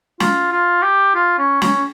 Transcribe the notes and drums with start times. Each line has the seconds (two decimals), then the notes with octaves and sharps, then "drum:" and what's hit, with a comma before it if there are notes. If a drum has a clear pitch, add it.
0.20 F4, drum: snare
0.52 F4
0.82 G4
1.15 F4
1.38 C#4
1.62 C#4, drum: snare